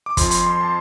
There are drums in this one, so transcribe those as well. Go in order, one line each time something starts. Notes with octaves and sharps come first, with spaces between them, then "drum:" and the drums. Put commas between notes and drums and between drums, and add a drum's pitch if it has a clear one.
D6
F2 F3 C6, drum: kick, hi-hat
C6, drum: hi-hat
C6
A5